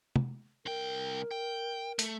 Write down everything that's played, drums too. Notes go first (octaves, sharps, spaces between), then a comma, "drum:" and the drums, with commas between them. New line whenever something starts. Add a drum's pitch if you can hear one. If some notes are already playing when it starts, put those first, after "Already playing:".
drum: tom
C2 A#4 G5
G5
A3, drum: hi-hat